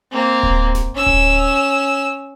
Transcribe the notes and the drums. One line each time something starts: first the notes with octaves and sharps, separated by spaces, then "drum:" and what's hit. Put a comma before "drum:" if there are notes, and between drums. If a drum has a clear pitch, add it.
A#3 C4
drum: kick D1
drum: snare F#1
C#4 E6
drum: kick D1